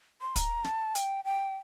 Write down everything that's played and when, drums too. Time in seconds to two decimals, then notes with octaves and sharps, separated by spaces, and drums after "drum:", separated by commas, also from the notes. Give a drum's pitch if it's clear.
0.22 C6
0.36 A#5, drum: kick, hi-hat
0.64 A5, drum: snare
0.95 G5, drum: hi-hat
1.25 G5